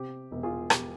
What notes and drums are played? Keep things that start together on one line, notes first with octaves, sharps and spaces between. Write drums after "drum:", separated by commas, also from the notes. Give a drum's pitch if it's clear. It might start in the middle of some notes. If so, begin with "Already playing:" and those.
Already playing: C3 G4
E1
F4 G#4
E1 G4, drum: rim click